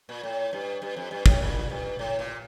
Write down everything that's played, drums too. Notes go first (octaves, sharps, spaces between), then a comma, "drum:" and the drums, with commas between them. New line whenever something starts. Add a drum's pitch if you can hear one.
A#2
A2
G2
G2
F2
G2
A2, drum: kick
A#2
G2
A2
A#2